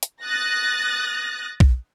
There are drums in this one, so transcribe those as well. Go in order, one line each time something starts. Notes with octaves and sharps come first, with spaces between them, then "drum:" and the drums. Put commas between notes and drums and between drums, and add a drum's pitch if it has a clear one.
drum: hi-hat
D#6 F#6 A6 A#6
drum: kick B1